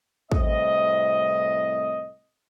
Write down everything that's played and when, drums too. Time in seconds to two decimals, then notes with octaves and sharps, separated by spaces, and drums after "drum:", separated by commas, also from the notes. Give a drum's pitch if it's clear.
0.32 C2 A2 C4 D#5, drum: kick